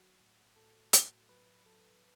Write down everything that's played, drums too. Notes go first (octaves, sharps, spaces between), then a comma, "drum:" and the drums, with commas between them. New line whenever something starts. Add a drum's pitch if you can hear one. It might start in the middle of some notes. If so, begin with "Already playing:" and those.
Already playing: F#3 F#4
A2
A2 A4
A2, drum: hi-hat
F#3 B4
F#3 A4